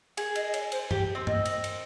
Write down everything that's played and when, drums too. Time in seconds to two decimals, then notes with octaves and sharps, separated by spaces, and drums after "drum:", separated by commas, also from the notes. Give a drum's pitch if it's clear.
0.17 G#4, drum: cymbal
0.35 D#5, drum: cymbal
0.46 D#5
0.54 C#5, drum: cymbal
0.72 C5, drum: cymbal
0.91 G4, drum: tom G2
1.15 C4
1.27 D#5, drum: tom G2
1.45 drum: cymbal
1.64 drum: cymbal